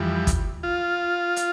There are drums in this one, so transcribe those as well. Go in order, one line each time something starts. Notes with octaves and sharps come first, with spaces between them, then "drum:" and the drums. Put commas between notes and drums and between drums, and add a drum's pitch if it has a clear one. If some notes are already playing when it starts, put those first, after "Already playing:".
Already playing: F2 E3 G3
drum: kick, hi-hat
F4
drum: hi-hat